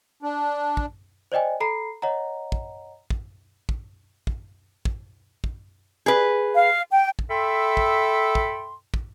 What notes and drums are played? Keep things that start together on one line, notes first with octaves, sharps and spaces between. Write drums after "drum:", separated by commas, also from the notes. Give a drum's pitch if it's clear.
D4
drum: kick
C5 D5 D#5 G5 G#5
A4 A#5 B5 C7
C#5 D#5 F#5 A#5
drum: kick
drum: kick
drum: kick
drum: kick
drum: kick
drum: kick
G#4 B4
F5
G5
drum: kick
A4 E5 G5 B5 C6
drum: kick
drum: kick
drum: kick